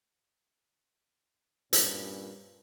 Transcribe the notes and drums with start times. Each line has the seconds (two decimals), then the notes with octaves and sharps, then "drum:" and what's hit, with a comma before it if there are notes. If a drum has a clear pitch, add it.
1.73 G2 A#2 C#4, drum: hi-hat